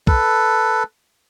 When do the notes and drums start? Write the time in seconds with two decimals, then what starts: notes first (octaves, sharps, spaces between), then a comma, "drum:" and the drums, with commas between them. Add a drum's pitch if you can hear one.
0.07 A4 B4, drum: kick